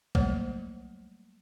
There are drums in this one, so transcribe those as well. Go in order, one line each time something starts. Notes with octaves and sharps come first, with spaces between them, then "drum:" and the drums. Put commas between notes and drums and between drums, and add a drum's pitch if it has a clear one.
F#3 G3 A3 A#3 C5 C#5, drum: kick A#1